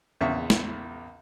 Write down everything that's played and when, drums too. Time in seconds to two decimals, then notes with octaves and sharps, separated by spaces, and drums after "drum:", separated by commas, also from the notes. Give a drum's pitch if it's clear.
0.21 A#1 E2 C#3 E5 C#6
0.50 drum: snare